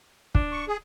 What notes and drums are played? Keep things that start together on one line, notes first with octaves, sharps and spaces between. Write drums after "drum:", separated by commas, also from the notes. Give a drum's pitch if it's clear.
D4, drum: kick
C#6
G#4